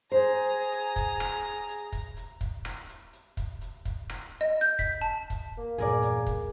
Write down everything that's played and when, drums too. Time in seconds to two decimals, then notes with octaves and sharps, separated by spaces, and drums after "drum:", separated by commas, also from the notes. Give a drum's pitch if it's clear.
0.12 G#4 C5 A#5
0.72 drum: hi-hat
0.96 drum: kick, hi-hat
1.20 drum: rim click
1.44 drum: hi-hat
1.68 drum: hi-hat
1.92 drum: kick, hi-hat
2.17 drum: hi-hat
2.41 drum: kick, hi-hat
2.65 drum: rim click
2.89 drum: hi-hat
3.13 drum: hi-hat
3.37 drum: kick, hi-hat
3.61 drum: hi-hat
3.85 drum: kick, hi-hat
4.09 drum: rim click
4.41 D#5
4.61 G6
4.79 B6, drum: kick, hi-hat
5.01 A5
5.30 drum: kick, hi-hat
5.58 A#3
5.78 E2 G2 A#2 G#4 A#4 D5, drum: hi-hat
6.02 drum: hi-hat
6.26 drum: kick, hi-hat